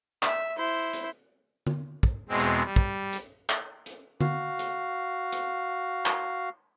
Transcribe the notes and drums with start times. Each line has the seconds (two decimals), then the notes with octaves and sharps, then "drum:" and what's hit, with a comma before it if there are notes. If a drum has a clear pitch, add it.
0.23 E5, drum: clap
0.57 E4 C5
0.93 drum: hi-hat
1.67 drum: tom D3
2.03 drum: kick
2.29 E2 B2 G#3 C4
2.40 drum: hi-hat
2.65 G3
2.76 drum: kick
3.13 drum: hi-hat
3.50 drum: clap
3.86 drum: hi-hat
4.21 F#4 F5, drum: tom D3
4.59 drum: hi-hat
5.33 drum: hi-hat
6.06 drum: clap